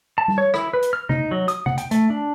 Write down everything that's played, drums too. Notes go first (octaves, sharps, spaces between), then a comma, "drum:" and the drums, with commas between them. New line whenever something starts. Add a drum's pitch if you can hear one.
A5
drum: tom G3
C#5
E4, drum: rim click
B4
drum: hi-hat
F6
D#4, drum: tom C3
F#3
D#6, drum: hi-hat
F#5, drum: tom C3
G5, drum: hi-hat
A3, drum: hi-hat
D4